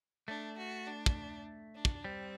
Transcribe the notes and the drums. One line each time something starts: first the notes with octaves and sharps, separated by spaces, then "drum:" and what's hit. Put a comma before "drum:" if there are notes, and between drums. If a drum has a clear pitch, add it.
A3 D4
F#4
D4
drum: kick
D4
drum: kick
G3 C4